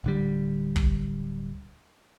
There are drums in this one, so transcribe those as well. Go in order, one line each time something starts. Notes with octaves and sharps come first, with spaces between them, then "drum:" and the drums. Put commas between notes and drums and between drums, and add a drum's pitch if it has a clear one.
D1 D3 G3
drum: kick